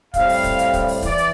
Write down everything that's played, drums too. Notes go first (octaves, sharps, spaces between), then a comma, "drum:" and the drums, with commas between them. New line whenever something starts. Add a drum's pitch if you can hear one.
A2 G3 C4 F5, drum: kick, hi-hat
drum: open hi-hat
drum: kick, hi-hat
drum: hi-hat
drum: kick, hi-hat
drum: open hi-hat
E3 D5, drum: kick, hi-hat
drum: hi-hat